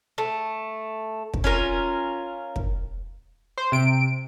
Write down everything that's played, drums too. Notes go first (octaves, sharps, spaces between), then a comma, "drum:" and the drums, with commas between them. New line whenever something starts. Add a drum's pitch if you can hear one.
A3
drum: kick
C#4 F4 A#4
drum: kick
C5
C3 D7